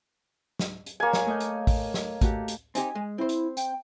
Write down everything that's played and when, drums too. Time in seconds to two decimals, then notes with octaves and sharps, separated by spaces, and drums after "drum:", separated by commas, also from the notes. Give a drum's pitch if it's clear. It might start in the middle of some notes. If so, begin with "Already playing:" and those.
0.59 drum: snare
0.86 drum: hi-hat
1.00 A#3 G#4 C#5 G#5
1.13 drum: snare
1.26 A3 D#5 G6
1.40 drum: hi-hat
1.67 drum: kick A1, open hi-hat
1.94 drum: snare
2.21 A3 F#4 G4, drum: kick A1, hi-hat
2.48 drum: hi-hat
2.75 C4 D#4 G4 G#5, drum: hi-hat
2.95 G#3
3.18 C4 E4 C5
3.29 drum: hi-hat
3.57 G5, drum: hi-hat